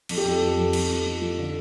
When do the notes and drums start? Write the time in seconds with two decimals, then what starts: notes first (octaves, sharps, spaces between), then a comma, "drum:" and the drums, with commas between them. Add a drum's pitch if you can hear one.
0.09 F2 A4, drum: cymbal
0.18 G4
0.25 F2 A4
0.41 F3
0.58 F2
0.73 F3, drum: cymbal
0.90 F2
1.06 F3
1.22 F3
1.38 D3